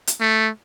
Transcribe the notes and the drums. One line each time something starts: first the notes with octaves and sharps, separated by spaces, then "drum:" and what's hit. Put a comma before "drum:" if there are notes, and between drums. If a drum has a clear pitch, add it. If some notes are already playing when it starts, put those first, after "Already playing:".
drum: hi-hat
A3